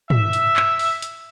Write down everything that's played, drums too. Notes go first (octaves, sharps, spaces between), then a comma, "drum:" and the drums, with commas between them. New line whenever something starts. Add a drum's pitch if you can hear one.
E5, drum: tom
drum: hi-hat
drum: clap
drum: open hi-hat
drum: hi-hat